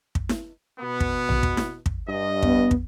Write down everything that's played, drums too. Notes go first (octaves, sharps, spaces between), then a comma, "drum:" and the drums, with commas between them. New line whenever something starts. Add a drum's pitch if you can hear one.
drum: kick
drum: snare E4
B2 B3
drum: kick
drum: tom A#1
drum: kick
drum: snare E4
drum: kick
G2 D#5
B3, drum: kick
drum: kick